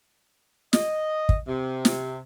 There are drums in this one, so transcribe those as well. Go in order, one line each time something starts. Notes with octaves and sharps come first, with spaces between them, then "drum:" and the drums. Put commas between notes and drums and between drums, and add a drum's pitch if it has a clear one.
D#5, drum: snare
drum: kick
C3
drum: snare